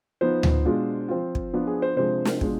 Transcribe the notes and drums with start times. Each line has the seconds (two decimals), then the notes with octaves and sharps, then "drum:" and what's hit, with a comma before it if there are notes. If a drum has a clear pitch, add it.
0.21 F3 B3 D#4 C5
0.43 drum: tom D2
0.65 B2 G#3 D4 F4
1.08 F3 C4 F4
1.35 drum: kick
1.53 F3 B3 D4 F4
1.67 G#4
1.82 C5
1.96 C3 F3 G#3 D4 C5
2.25 drum: snare
2.41 B2 G#3 D4 F4, drum: kick